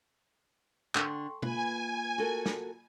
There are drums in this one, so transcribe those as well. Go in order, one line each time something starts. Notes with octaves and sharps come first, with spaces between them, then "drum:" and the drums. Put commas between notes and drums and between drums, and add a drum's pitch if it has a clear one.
D3 G5 C6 C#6, drum: clap
A#3 F4 B4 G#5, drum: tom B2
F#4 A4 A#4
drum: snare